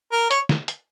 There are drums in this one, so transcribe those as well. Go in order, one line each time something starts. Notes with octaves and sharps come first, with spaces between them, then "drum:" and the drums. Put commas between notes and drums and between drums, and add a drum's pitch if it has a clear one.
A#4
C#5, drum: hi-hat
drum: snare
drum: hi-hat